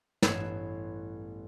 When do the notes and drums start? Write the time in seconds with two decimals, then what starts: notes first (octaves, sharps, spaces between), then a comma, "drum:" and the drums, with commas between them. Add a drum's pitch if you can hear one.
0.22 A1 G2 B3 G#6 C7 E7, drum: snare